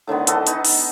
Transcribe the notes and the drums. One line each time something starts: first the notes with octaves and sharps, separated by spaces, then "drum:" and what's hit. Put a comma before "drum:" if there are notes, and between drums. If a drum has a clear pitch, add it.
A2 D3 D#3 B3
E3 B3 A4 D#5, drum: hi-hat
B3 D#4, drum: hi-hat
drum: open hi-hat